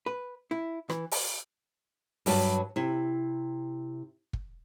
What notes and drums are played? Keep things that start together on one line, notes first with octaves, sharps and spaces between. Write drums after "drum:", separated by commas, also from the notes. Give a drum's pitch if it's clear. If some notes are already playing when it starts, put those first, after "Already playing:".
B4
E4
E3, drum: rim click
drum: open hi-hat
G2 F#3 B4 A5, drum: open hi-hat
C3 E4
drum: kick